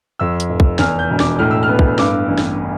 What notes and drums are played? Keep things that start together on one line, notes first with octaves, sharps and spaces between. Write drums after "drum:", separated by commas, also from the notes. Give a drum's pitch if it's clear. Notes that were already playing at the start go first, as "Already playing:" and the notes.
F2 E6
drum: hi-hat
F1
drum: kick
E2 F6, drum: snare
G6
E1
D6, drum: snare
A2 F6
E6
F6
B3
drum: kick
G2 D6, drum: snare
A1
drum: snare